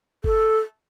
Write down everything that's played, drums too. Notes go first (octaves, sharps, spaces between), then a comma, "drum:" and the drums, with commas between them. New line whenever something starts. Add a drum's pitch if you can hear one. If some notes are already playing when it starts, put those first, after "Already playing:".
A4, drum: kick